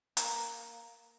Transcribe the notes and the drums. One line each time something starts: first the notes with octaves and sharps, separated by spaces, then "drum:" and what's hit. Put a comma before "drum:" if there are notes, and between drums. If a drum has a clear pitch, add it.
A#3, drum: hi-hat